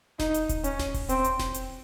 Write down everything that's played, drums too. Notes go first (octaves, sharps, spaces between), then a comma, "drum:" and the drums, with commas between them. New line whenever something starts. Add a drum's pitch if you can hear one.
D#4, drum: snare E1
drum: hi-hat
drum: kick D#1, hi-hat
C#4, drum: hi-hat
drum: snare E1
drum: kick D#1, open hi-hat
C4, drum: hi-hat
drum: hi-hat
drum: snare E1
drum: hi-hat